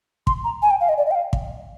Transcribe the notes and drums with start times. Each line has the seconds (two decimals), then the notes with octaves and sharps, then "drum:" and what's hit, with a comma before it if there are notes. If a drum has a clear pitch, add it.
0.27 C6, drum: kick
0.44 A#5
0.62 G#5
0.70 G5
0.80 F5
0.89 D#5
0.98 D5
1.06 D#5
1.11 G5
1.15 F5
1.33 drum: kick